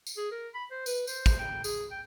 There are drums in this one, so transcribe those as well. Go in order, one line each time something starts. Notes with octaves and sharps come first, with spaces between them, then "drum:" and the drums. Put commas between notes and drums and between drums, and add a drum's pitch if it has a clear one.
drum: tambourine
G#4
A#4
B5
C5
B4, drum: tambourine
C5, drum: tambourine
drum: kick, tambourine
G5
G#4, drum: tambourine
G5